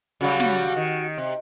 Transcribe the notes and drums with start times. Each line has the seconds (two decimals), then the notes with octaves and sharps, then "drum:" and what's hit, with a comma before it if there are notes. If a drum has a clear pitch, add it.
0.21 C#3 F#3 G3 F#4
0.40 drum: snare
0.63 drum: open hi-hat
0.76 D#3
1.18 C3